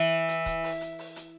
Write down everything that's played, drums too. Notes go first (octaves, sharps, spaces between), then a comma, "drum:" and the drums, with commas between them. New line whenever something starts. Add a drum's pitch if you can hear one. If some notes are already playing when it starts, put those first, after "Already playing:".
Already playing: E3
drum: hi-hat
drum: kick C#1, hi-hat
drum: open hi-hat
drum: hi-hat
drum: open hi-hat
drum: hi-hat